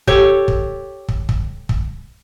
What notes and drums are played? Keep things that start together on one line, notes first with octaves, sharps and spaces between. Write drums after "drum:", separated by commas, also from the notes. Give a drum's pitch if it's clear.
G4 A4 C#5, drum: kick
drum: kick
drum: kick
drum: kick
drum: kick